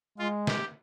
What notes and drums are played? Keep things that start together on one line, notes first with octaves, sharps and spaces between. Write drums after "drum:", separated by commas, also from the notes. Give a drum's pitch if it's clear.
G#3 F4
G4, drum: snare